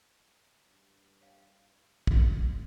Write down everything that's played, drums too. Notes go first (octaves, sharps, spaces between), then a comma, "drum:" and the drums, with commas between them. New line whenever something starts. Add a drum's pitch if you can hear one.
G2
C#5 F5 G5
A#2, drum: kick